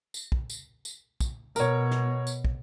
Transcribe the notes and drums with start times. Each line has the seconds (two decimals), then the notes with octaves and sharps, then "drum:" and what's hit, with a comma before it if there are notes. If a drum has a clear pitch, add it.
0.14 drum: tambourine
0.32 drum: kick
0.50 drum: tambourine
0.85 drum: tambourine
1.20 drum: kick, tambourine
1.56 B2 A#4 C#5, drum: tambourine
1.91 drum: snare
2.27 drum: tambourine
2.44 drum: kick